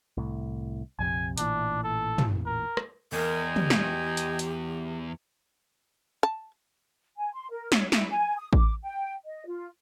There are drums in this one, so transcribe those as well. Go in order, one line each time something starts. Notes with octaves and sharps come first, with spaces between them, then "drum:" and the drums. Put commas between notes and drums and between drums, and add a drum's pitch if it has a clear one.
C2 A2
A#1 F2 C3 G#5
A1 A#2 E3 D4, drum: hi-hat
A4
drum: tom
A#4
drum: rim click
E2 A#4 D#5 G5 G#5
G4, drum: tom
drum: snare
drum: hi-hat
drum: hi-hat
A5
G#5
C6
A#4
C#5, drum: snare
E4, drum: snare
G#5
D#6
D6, drum: kick A1
G5
D#5
F4